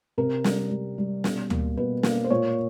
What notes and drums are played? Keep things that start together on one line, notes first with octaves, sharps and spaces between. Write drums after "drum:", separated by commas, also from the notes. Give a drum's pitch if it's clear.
C3 A#4
G3, drum: snare
G3
G3
B2, drum: snare
A#3, drum: tom D2
B2 B4
A#3, drum: snare
C5
A#2 C#5